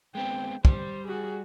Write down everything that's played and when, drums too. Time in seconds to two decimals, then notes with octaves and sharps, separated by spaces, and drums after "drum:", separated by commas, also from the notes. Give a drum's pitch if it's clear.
0.15 G#3 B3 C4 G5
0.65 G3 C5, drum: kick
1.08 F#4 G#4